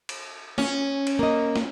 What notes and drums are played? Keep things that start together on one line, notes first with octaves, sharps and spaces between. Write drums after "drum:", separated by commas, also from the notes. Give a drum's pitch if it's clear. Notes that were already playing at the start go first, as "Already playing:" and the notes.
drum: cymbal
C#4, drum: snare
drum: cymbal
A#3 D#5
drum: snare